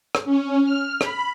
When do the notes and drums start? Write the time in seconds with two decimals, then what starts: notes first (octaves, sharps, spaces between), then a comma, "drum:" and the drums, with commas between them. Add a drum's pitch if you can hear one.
0.15 drum: rim click
0.25 C#4
0.63 F6
1.01 B5, drum: rim click